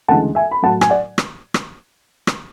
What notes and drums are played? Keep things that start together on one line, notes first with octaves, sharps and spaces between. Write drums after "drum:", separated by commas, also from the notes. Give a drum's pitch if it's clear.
D2 C#3 E3 G#3 F#5 A5
E5 G#5
B5
A2 F#3 A3 F#5 A5
G#5, drum: rim click
D5 F#5
drum: rim click
drum: rim click
drum: rim click